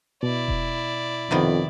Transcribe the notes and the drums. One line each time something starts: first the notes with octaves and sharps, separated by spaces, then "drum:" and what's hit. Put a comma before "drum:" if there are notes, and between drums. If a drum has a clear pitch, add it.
B2 E4 D5
drum: kick E1
F2 C3 D#3 B3